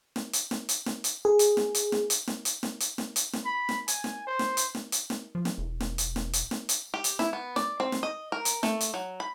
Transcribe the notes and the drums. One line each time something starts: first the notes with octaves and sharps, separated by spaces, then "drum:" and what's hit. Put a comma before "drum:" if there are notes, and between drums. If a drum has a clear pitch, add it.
drum: snare
drum: hi-hat
drum: snare
drum: hi-hat
drum: snare
drum: hi-hat
G#4
drum: hi-hat
drum: snare
drum: hi-hat
drum: snare
drum: hi-hat
drum: snare
drum: hi-hat
drum: snare
drum: hi-hat
drum: snare
drum: hi-hat
drum: snare
B5
drum: snare
G#5, drum: hi-hat
drum: snare
C5
drum: snare
drum: hi-hat
drum: snare
drum: hi-hat
drum: snare
F3
drum: snare
E1
drum: snare
drum: hi-hat
drum: snare
drum: hi-hat
drum: snare
drum: hi-hat
G4
drum: hi-hat
E4, drum: snare
B3
D5, drum: snare
C4
drum: snare
D#5
A#4
drum: hi-hat
A3, drum: snare
drum: hi-hat
F#3
B5